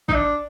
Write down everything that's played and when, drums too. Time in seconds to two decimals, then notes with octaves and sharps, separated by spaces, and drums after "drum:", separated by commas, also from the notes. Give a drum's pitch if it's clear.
0.09 D#4, drum: kick G#1
0.13 D4